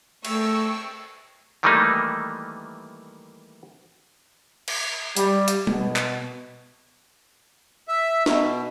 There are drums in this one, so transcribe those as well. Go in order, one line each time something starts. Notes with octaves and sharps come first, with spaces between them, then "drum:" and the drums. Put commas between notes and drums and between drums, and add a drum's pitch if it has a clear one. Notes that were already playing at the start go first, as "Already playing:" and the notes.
A3 G5 C#6 E6, drum: cymbal
D#3 E3 G3 A3 A#3 D#4
drum: cymbal
G3, drum: hi-hat
drum: hi-hat
B2, drum: tom G3
drum: clap
E5
B2, drum: snare